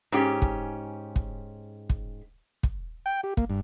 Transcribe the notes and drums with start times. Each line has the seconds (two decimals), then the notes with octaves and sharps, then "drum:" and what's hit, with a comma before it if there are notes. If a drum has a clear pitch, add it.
0.12 G#2 C#4 G4
0.42 drum: kick
1.16 drum: kick
1.89 drum: kick
2.63 drum: kick
3.06 G5
3.23 G4
3.37 A#3, drum: kick
3.50 G2